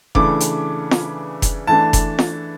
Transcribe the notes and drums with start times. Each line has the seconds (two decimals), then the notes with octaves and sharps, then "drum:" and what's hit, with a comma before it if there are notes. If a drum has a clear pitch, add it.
0.15 C#3 E3 A3 D4 D6, drum: kick F1
0.40 drum: hi-hat
0.91 drum: snare
1.42 drum: kick F1, hi-hat
1.67 E3 A3 D4 A5
1.93 drum: kick F1, hi-hat
2.19 drum: snare